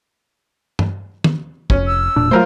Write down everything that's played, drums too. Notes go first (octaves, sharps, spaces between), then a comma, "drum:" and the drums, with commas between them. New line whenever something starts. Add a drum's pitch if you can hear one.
drum: tom G2
drum: tom
F1 C#4, drum: kick
E6
E1 A#2 D4
F#3 A3 F4 A#4 C5